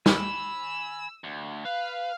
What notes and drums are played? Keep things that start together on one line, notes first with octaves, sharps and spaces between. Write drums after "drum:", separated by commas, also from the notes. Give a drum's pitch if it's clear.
G#5 B5 E6, drum: snare
D2
B4 F5